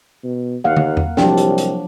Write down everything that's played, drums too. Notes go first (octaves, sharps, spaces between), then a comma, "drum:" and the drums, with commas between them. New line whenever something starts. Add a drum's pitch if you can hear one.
B2
D#2 A#3 F5 F#5
drum: tom
drum: tom E2
C2 F3 F#3 D4 G4 G5, drum: snare
drum: hi-hat
drum: hi-hat